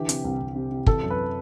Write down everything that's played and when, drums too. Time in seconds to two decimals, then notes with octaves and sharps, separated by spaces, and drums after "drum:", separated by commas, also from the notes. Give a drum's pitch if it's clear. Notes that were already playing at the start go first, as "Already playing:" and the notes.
Already playing: D3 E3 G4
0.09 C3, drum: hi-hat
0.24 C2
0.40 C2
0.55 C3
0.71 C3
0.86 E3 A4, drum: kick
1.03 F#2
1.10 B4